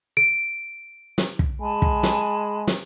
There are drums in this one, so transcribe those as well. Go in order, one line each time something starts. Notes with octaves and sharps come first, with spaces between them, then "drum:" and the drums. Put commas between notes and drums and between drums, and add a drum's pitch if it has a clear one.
D7
drum: snare
drum: kick
G#3 G#5 A5 B5
drum: kick
drum: snare
drum: snare